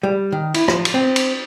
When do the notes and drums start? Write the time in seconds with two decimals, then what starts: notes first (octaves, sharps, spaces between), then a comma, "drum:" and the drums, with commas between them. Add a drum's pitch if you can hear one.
0.03 G3
0.32 D#3
0.54 E4, drum: cymbal
0.68 F3, drum: rim click
0.85 drum: cymbal
0.94 C4
1.16 drum: cymbal